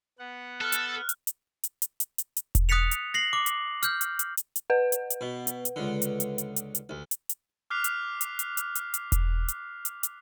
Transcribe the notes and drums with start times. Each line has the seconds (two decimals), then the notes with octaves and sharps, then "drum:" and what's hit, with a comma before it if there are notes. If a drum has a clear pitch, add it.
0.19 B3 F#5
0.61 A4 F6 F#6
0.72 drum: hi-hat
1.09 drum: hi-hat
1.27 drum: hi-hat
1.64 drum: hi-hat
1.82 drum: hi-hat
2.00 drum: hi-hat
2.18 drum: hi-hat
2.37 drum: hi-hat
2.55 drum: kick E1, hi-hat
2.69 D#6 F#6 A6 B6 C#7 F7
2.91 drum: hi-hat
3.14 A#6 C7 F#7
3.33 D6
3.46 drum: hi-hat
3.83 F6 G6, drum: hi-hat
4.01 drum: hi-hat
4.19 drum: hi-hat
4.37 drum: hi-hat
4.56 drum: hi-hat
4.70 B4 F#5
4.92 drum: hi-hat
5.10 drum: hi-hat
5.21 B2
5.47 drum: hi-hat
5.65 drum: hi-hat
5.76 C#2 D3
6.02 drum: hi-hat
6.20 drum: hi-hat
6.38 drum: hi-hat
6.56 drum: hi-hat
6.75 drum: hi-hat
6.89 D2
7.11 drum: hi-hat
7.29 drum: hi-hat
7.70 D6 F6 F#6 B6 C7 F7
7.84 drum: hi-hat
8.21 drum: hi-hat
8.39 drum: hi-hat
8.57 drum: hi-hat
8.75 drum: hi-hat
8.94 drum: hi-hat
9.12 drum: kick E1, hi-hat
9.48 drum: hi-hat
9.85 drum: hi-hat
10.03 drum: hi-hat